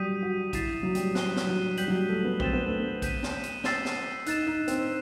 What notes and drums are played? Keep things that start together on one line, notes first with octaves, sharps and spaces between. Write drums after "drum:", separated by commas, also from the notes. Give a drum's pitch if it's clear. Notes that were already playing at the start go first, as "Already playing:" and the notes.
Already playing: F#3 G3 D#6 G6 B6 D#7
F#4
E4 A6 C7 E7, drum: kick A#1, hi-hat
F#3
G3, drum: hi-hat
G3 F#6 C7 D#7 G7, drum: snare
drum: snare
F#3
G3 G6 B6 F#7, drum: hi-hat
F#3
G3
A3
B3
C4 A6 E7 G7, drum: kick A#1
B3
A3
B3
G6 B6 D#7, drum: kick A#1, hi-hat
drum: snare
drum: hi-hat
E6 A6 C7 E7 G7, drum: snare
drum: snare
D#4 F#6 A6 E7, drum: hi-hat
D#4
C4, drum: hi-hat